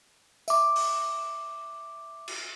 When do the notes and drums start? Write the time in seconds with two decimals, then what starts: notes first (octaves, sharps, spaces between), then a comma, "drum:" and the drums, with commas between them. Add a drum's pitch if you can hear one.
0.48 E5 D6, drum: tambourine
0.76 drum: open hi-hat
2.28 drum: cymbal